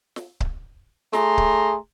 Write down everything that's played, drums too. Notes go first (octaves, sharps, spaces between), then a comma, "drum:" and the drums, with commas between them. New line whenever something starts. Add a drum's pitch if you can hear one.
drum: snare
drum: kick C#1
A3 G#4 A#5 C6, drum: snare
drum: kick C#1